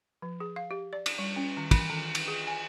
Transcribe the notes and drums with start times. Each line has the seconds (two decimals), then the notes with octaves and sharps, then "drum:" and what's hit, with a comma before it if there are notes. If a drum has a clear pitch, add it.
0.22 F3
0.40 G#4
0.56 F5
0.71 G4
0.93 D5
1.06 drum: cymbal
1.19 G3
1.36 C#4
1.57 D#3
1.71 E3, drum: kick, cymbal
1.90 D#3
2.15 drum: cymbal
2.28 G#4
2.47 G#5